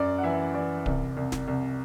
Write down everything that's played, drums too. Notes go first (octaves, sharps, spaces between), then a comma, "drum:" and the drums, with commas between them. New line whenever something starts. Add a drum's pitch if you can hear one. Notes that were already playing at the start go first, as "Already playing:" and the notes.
Already playing: F#2 D5
F#5
E3 E5
E3 D5
C2, drum: kick D1
C2
drum: snare
C2